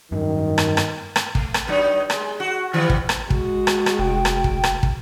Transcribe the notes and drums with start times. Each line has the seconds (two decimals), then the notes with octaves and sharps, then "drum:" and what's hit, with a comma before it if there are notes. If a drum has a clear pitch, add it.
0.12 G2 D#3 F#3
0.58 drum: rim click
0.77 drum: rim click
1.16 drum: rim click
1.35 A3, drum: kick
1.54 drum: rim click
1.67 G2 F#3 D#4
2.10 G#3, drum: rim click
2.40 F#4
2.73 D#3 E3 G3
2.90 drum: kick
3.09 drum: rim click
3.30 G#3 F#4, drum: kick
3.67 drum: rim click
3.86 drum: rim click
3.99 F1 G5
4.25 drum: rim click
4.44 drum: kick
4.64 drum: rim click
4.83 drum: kick